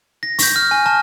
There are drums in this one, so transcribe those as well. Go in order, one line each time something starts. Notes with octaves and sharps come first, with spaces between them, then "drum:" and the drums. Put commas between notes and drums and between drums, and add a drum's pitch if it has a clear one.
A#6
C#6 G6, drum: open hi-hat
F6
G#5
A5 F6